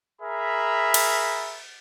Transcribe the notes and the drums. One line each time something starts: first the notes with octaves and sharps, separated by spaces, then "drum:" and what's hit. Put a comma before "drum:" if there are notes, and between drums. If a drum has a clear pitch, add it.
G#4 A#4 E5 A#5 B5
drum: cymbal